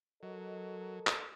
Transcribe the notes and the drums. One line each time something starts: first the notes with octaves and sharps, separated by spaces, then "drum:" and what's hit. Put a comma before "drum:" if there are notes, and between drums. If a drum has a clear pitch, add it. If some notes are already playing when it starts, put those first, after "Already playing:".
F#3 A4 A#4 D#5
drum: clap